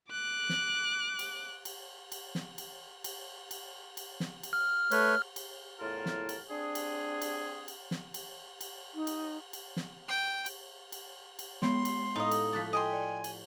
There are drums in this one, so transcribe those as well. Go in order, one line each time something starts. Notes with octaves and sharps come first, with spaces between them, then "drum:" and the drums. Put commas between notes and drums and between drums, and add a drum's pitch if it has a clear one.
D6 F#6
drum: snare
drum: cymbal
drum: cymbal
drum: cymbal
drum: snare
drum: cymbal
drum: cymbal
drum: cymbal
drum: cymbal
drum: snare
drum: cymbal
F6
A3 B4 C#5, drum: cymbal
drum: cymbal
E2 A2 F4 A#4 A5
drum: snare
drum: cymbal
C4 D4 G#4
drum: cymbal
drum: cymbal
drum: cymbal
drum: snare
drum: cymbal
drum: cymbal
D#4
drum: cymbal
drum: cymbal
drum: snare
G5
drum: cymbal
drum: cymbal
drum: cymbal
G#3 B3 G4 C#5 G5 B5 C6, drum: snare
drum: cymbal
A2 D#4 D#5 F5
drum: cymbal
F3 A3 A5 D6 F#6 B6
D#5 G5 G#5 C6
D5
drum: cymbal